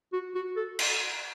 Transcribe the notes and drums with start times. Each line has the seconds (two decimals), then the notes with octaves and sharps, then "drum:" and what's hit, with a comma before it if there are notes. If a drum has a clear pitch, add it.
0.13 F#4
0.35 F#4
0.57 A4
0.79 drum: cymbal